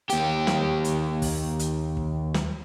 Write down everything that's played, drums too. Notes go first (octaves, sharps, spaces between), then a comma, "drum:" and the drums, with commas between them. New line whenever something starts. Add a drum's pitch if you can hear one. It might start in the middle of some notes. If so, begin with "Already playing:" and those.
D#2 G4, drum: hi-hat
drum: snare
drum: hi-hat
drum: kick, open hi-hat
drum: hi-hat
drum: kick
drum: snare